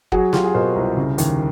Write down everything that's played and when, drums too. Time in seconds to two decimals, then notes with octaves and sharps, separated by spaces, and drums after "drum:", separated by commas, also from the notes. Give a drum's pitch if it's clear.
0.12 F#3 F#4 G#4, drum: kick
0.33 F#3 F4 G4, drum: snare
0.44 F#4 G#4
0.54 B2 A#4 C5
0.76 C2
0.97 C#3
1.18 D#2, drum: hi-hat